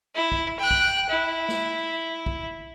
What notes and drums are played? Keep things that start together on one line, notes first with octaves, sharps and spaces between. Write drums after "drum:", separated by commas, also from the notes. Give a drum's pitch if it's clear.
E4
drum: kick
G5 F#6
drum: kick
E4
drum: snare
drum: kick